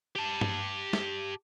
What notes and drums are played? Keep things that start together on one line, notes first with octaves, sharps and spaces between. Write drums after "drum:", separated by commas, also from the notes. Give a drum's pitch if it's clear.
G4 A5
drum: tom G2
drum: snare